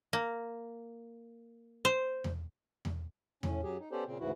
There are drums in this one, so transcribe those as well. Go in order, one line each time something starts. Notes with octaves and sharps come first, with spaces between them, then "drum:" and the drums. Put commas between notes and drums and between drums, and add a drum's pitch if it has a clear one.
A#3
C5
drum: tom E2
drum: tom E2
A2 C#4, drum: tom E2
F#2 F#3 G4 G#4
D#4
B3 C#4 G4 A4 C5 D5
A#2 C#3 C4
D2 G#2 C#3 E3 E4 F#4